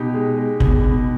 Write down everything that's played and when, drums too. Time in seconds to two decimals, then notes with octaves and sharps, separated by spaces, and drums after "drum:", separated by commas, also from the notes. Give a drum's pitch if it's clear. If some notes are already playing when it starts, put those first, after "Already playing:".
Already playing: B2 D#4 G4
0.14 G#3
0.37 G#3
0.60 B2, drum: kick
0.84 B2